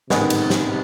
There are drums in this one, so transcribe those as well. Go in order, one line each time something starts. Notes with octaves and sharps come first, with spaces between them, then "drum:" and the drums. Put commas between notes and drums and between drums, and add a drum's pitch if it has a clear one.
A1 G#2 C3 D#3 G#3 B3, drum: snare
drum: cymbal
drum: snare